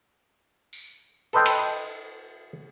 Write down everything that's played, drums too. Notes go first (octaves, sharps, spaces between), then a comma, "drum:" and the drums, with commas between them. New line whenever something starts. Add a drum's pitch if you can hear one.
drum: tambourine
A4 B4 C5 D#5 G5
drum: cymbal